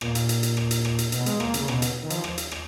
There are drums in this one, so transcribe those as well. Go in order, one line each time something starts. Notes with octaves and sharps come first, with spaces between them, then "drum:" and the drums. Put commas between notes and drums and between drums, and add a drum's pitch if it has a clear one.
A#2, drum: rim click
drum: hi-hat
drum: hi-hat
drum: hi-hat
drum: rim click
drum: hi-hat
drum: rim click
drum: hi-hat
B2, drum: hi-hat
G#3, drum: hi-hat
A#3, drum: rim click
C#3, drum: hi-hat
B2, drum: rim click
drum: hi-hat
D#3
F3, drum: hi-hat
drum: rim click
drum: hi-hat
drum: rim click